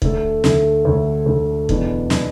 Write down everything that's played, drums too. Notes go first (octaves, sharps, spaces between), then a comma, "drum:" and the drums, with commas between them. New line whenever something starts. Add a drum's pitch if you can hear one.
D2 D3 A3, drum: kick
D2 D3 A3, drum: snare
D2 D3 A3
D2 D3 A3
E2 B2 B3 D4, drum: kick
B2 B3 D4, drum: snare